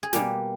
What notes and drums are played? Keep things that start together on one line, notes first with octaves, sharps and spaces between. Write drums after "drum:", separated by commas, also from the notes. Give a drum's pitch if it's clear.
G#4
B2 G3 A#3 G4, drum: snare